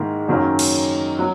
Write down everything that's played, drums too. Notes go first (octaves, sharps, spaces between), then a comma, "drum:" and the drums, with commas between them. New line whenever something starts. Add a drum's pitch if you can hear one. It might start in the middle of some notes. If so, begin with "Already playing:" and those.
Already playing: G#2 D#3 A#3 E4
F#2 D#3 F#3 A#3 C#4
drum: cymbal
F#3